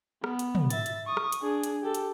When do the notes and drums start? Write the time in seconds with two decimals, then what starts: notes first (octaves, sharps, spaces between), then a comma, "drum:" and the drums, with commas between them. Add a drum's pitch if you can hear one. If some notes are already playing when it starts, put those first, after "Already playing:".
0.24 B3, drum: rim click
0.39 drum: hi-hat
0.55 drum: tom
0.70 E5 A6, drum: hi-hat
0.86 drum: hi-hat
1.06 C#6 D#6
1.17 drum: rim click
1.32 drum: hi-hat
1.42 D4 G#4
1.63 drum: hi-hat
1.83 G4 A4
1.95 drum: hi-hat